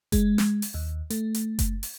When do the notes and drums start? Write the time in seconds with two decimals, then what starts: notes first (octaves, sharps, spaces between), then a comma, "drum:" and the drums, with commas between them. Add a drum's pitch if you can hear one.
0.12 G#3, drum: kick F#1, hi-hat
0.38 drum: snare
0.62 drum: open hi-hat
0.74 D#2
1.10 A3, drum: hi-hat
1.35 drum: hi-hat
1.59 drum: kick F#1, hi-hat
1.83 drum: open hi-hat